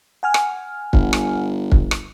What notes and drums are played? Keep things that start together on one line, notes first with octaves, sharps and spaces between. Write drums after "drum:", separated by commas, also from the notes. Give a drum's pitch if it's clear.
F#5 G#5 F6
drum: rim click
G1, drum: kick
drum: rim click
drum: kick
drum: rim click